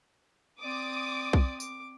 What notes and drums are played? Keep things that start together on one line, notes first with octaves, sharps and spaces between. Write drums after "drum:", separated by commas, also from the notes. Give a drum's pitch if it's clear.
C4 D5 D6 D#6
drum: kick B1
D6, drum: tambourine